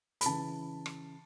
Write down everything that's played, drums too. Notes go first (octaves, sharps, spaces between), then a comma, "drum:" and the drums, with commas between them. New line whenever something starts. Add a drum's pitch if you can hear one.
B5, drum: hi-hat
C#3 E3 A5
drum: rim click